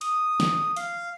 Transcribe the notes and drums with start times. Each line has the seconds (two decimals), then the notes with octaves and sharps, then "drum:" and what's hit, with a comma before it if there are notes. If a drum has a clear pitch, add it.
0.01 D#6, drum: hi-hat
0.40 drum: snare
0.76 F5, drum: hi-hat